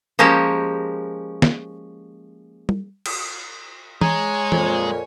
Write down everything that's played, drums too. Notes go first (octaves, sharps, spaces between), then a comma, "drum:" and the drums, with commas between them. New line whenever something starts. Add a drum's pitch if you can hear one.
F3 G#3 A#3 C#4 G4
drum: snare
drum: tom G3
drum: cymbal
G#3 C#5 G#5 A#5, drum: tom E3
F2 A#2, drum: tom E3